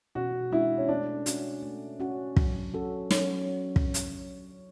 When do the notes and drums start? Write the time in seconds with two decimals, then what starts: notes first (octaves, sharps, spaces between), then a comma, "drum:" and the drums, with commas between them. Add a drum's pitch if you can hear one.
0.15 B2 F#4
0.52 G#3 D4 E4
0.78 C#4
0.89 A3 D4
1.26 C#4 F#4, drum: hi-hat
1.62 A3
2.00 C#4 F#4
2.36 F#3, drum: kick
2.74 C#4 F#4 A4
3.11 F#3 C#4, drum: snare
3.76 drum: kick
3.94 drum: hi-hat